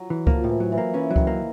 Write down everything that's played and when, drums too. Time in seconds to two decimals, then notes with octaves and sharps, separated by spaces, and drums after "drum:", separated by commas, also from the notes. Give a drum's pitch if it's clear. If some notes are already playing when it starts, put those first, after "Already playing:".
Already playing: F#3
0.10 E3
0.27 F3 A#3, drum: kick C#2
0.44 A2
0.49 E3
0.60 F#3
0.72 E3
0.78 A#3
0.94 E3 C#4
1.10 F#3
1.16 D#3, drum: kick C#2
1.27 A#3